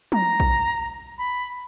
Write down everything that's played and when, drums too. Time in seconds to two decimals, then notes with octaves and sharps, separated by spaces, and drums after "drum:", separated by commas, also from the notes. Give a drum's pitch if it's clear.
0.12 A#5, drum: tom
0.40 drum: kick A#1
1.17 B5